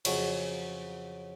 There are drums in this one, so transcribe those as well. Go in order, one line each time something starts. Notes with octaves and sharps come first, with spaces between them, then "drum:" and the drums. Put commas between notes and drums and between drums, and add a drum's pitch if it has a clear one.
F2 C#3 F#3 C#4 F#4, drum: cymbal